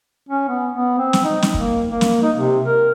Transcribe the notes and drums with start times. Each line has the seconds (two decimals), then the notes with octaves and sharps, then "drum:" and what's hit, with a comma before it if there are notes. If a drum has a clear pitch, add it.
0.29 C#4
0.48 B3
0.72 B3
0.99 C4
1.13 drum: snare
1.24 D#4
1.42 drum: snare
1.54 A#3, drum: kick
1.89 A#3
2.01 drum: snare
2.23 D#4
2.37 C3
2.65 A#4